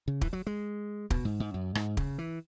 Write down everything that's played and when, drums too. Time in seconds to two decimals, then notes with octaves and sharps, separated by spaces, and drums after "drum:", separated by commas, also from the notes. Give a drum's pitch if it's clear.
0.08 C#3
0.21 E3, drum: kick
0.33 F#3
0.47 G#3
1.10 B2, drum: kick
1.25 G#2
1.40 G#2
1.54 F#2
1.75 G#2, drum: rim click
1.97 C#3, drum: kick
2.18 E3